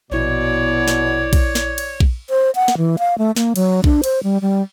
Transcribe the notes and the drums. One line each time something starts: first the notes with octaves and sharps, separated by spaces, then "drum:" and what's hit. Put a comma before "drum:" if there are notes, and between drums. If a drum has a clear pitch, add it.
A#1 B2 E4 C#5 D5
drum: snare
drum: kick A#1, cymbal
drum: snare
drum: cymbal
drum: kick A#1
C5
F#5
drum: snare
E3
F5
A3
A#3, drum: snare
F#3, drum: cymbal
D4, drum: kick A#1
C5, drum: cymbal
G3
G3